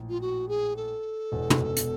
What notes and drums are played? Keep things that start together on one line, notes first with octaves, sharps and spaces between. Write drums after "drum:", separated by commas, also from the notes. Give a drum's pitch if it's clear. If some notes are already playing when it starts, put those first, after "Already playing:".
Already playing: A#1 A2
F4
F#4
G#4
A4
E1 E2 B2
drum: tom
drum: hi-hat